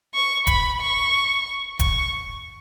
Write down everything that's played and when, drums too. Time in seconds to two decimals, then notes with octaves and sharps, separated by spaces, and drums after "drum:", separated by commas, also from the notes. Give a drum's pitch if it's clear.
0.15 C#6
0.47 B5, drum: kick E1, hi-hat
0.80 C#6
1.79 C#6, drum: kick E1, hi-hat